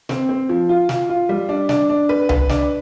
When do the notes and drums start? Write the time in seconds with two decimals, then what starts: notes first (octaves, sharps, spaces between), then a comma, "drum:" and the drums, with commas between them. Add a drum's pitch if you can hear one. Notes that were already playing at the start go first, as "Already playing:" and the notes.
0.09 C4, drum: snare
0.29 C4
0.49 F3
0.69 F4
0.89 F4, drum: snare
1.09 F4
1.29 G3
1.49 D4
1.69 D4, drum: snare
1.89 D4
2.09 B4
2.29 B4, drum: tom C2
2.49 D4, drum: snare